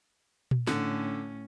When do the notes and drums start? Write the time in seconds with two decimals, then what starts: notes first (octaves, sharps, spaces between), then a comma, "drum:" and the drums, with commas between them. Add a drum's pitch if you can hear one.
0.51 drum: tom A#2
0.67 A2 D3 C#4, drum: snare